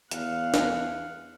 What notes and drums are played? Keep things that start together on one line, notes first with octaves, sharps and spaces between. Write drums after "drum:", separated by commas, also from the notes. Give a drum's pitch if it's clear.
E2 F5 F#5, drum: hi-hat
drum: snare